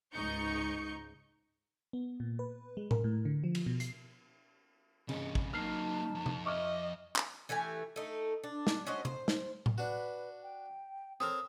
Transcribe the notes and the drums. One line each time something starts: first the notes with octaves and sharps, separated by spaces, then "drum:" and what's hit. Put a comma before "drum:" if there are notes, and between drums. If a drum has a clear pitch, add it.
C#2 G#2 D#4 C#6 G6 C#7
B3
A#2
B4
G#3
A#4, drum: tom A2
A2
D3
F3
drum: cymbal
B2
C7, drum: hi-hat
C2 G2 C#3 D#5, drum: cymbal
drum: kick
F#3 A#3 D#4 A5 F6 C7
F2
drum: tom
D#5 E5 C#6 D6 F6
drum: clap
E3 A3 G4 G#5
A3 D#4
D4
drum: snare
C#4 F#4 C5 D#5
C5, drum: tom
drum: snare
drum: tom A2
D4 F#4 B4
G5
C4 A4 A#4 C#5 D#6